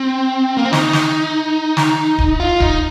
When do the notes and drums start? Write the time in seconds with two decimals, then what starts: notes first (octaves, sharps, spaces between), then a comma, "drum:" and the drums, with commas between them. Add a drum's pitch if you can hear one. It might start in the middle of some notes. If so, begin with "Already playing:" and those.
Already playing: C4
0.57 A#3
0.65 C4
0.73 D#4, drum: snare
0.93 drum: snare
1.77 drum: snare
2.18 drum: kick D1
2.40 F4
2.60 D#4, drum: kick D1